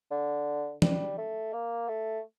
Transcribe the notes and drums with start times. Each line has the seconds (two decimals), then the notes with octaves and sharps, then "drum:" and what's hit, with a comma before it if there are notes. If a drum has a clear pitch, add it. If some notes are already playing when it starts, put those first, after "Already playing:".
0.11 D3
0.82 G3, drum: tom
1.18 A3
1.53 A#3
1.88 A3